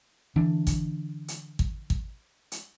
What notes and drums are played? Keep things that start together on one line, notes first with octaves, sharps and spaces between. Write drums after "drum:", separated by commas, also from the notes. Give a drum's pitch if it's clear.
D3 E3 D4
drum: kick, hi-hat
drum: hi-hat
drum: kick
drum: kick
drum: hi-hat